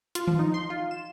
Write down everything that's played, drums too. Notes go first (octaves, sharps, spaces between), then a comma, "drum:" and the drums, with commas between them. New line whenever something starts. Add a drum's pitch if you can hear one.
F4, drum: hi-hat
F3, drum: tom D#3
D#4
C6
F4
E7